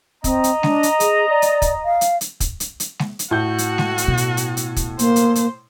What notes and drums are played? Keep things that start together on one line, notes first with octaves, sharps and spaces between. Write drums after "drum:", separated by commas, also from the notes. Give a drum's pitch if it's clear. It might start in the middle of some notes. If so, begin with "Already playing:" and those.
C4 D#5 A#5, drum: kick, hi-hat
drum: hi-hat
D4, drum: snare G#3
drum: hi-hat
G#4, drum: hi-hat
D5
drum: hi-hat
drum: kick, hi-hat
F5
drum: hi-hat
drum: hi-hat
drum: kick, hi-hat
drum: hi-hat
drum: hi-hat
drum: snare G#3
drum: hi-hat
A2 F#4 G6
drum: hi-hat
drum: snare G#3
drum: hi-hat
B2
drum: hi-hat
drum: hi-hat
drum: hi-hat
drum: kick, hi-hat
A#3 C5, drum: hi-hat
drum: hi-hat
drum: hi-hat